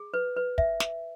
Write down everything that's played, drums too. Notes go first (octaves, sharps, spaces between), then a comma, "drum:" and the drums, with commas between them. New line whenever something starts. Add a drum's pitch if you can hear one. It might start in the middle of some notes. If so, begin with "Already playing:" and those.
Already playing: G#4
B4
B4
E5, drum: kick
drum: snare